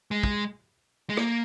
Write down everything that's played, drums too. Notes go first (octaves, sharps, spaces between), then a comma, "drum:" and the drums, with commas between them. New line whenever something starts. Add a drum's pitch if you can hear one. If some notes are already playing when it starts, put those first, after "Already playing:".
G#3
drum: kick
G#3
A#3, drum: rim click